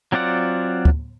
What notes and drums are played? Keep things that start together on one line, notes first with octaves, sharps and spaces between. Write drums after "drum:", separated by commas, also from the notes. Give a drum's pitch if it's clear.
F#3 C4 F4 D5 F#5
drum: kick